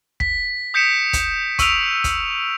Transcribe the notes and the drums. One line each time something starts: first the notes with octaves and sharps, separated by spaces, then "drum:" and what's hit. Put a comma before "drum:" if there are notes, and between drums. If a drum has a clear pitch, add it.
B6, drum: kick
D#6 G6 B6 C#7 D7 E7
drum: kick, hi-hat
C#6 E6 F6 D7 F7, drum: kick, hi-hat
drum: kick, hi-hat